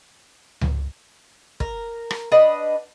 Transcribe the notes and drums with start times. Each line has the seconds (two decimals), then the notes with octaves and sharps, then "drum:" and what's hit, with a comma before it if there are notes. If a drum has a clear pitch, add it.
0.61 drum: tom C#2
1.60 A#4, drum: kick
2.11 drum: rim click
2.32 D4 B4 D#5 F#5